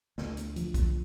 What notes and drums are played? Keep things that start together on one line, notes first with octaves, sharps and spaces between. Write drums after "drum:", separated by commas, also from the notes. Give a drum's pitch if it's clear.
D2, drum: snare
drum: hi-hat
F3, drum: hi-hat
drum: kick, hi-hat